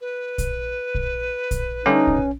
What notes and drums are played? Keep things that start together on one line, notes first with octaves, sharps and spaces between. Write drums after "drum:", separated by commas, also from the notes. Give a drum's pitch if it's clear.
B4
drum: kick A#1, hi-hat
drum: kick A#1
drum: kick A#1, hi-hat
D3 G3 A3 C#4 D#4
drum: kick A#1